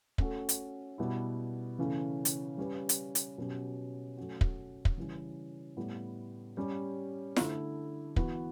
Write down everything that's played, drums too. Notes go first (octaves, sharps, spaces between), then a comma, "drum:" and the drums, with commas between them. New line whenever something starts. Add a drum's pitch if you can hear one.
A3 C#4 F#4 A4, drum: kick
drum: hi-hat
B2 G3 B3 E4
C#3 E3 A3 C#4
drum: hi-hat
G3 C#4 G4 B4
drum: hi-hat
drum: hi-hat
B2 F#3 C#4 G4
F#3 A3 C#4 F#4
drum: kick
drum: kick
C#3 E3 G3 C#4
A2 G3 B3
G3 C#4 G4
D3 A3 E4, drum: snare
E3 B3 F#4, drum: kick